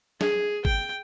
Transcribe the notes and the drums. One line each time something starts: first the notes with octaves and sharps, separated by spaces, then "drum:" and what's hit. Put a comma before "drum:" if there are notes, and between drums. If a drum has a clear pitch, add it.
G#4, drum: snare
G5, drum: kick G#1